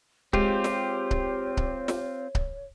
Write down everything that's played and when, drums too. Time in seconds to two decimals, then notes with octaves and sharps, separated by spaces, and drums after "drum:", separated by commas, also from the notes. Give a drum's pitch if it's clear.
0.33 G#3 C4 F4 G4 C#5, drum: kick C#1
0.64 drum: snare
1.11 drum: kick C#1
1.57 drum: kick C#1
1.88 drum: snare
2.35 drum: kick C#1